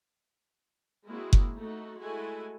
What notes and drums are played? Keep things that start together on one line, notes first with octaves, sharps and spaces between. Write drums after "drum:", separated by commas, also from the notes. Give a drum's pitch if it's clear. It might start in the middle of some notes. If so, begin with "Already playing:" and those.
G#3 A#3 C4 E4 F#4 G#4
drum: kick F#1
A3 D#4 F#4
G#3 A3 E4 F#4 A4 G#5